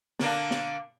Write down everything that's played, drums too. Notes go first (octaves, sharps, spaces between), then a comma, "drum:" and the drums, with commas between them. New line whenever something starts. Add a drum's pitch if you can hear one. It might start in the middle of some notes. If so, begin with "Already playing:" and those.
D3 A#3 D4, drum: snare
drum: snare